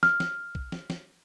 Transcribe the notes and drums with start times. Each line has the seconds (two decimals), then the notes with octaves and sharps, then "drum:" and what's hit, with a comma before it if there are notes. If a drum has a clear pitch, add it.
0.03 F6, drum: snare
0.20 drum: snare
0.55 drum: kick B1
0.72 drum: snare
0.90 drum: snare